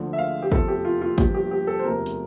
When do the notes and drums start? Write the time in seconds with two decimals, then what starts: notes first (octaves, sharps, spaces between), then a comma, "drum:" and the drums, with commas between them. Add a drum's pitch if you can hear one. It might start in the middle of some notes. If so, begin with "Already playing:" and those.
Already playing: D2 D3 F3
0.13 E5
0.18 F5
0.42 G4
0.52 F1 E2 C3 F3 A4, drum: kick
0.68 G4
0.85 F4
1.01 F4
1.18 G1 G2 F3 G4, drum: kick, hi-hat
1.35 G4
1.51 G4
1.67 A4
1.79 C5
1.84 E1 D2 C3 F3 A#4
2.06 drum: hi-hat